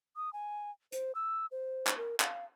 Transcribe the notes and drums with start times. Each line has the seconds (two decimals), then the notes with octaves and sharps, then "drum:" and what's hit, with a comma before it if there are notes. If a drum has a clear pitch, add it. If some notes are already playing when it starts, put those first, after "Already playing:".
0.16 D#6
0.33 G#5
0.92 C5, drum: hi-hat
1.15 E6
1.51 C5
1.87 drum: clap
1.97 A#4
2.20 F5, drum: clap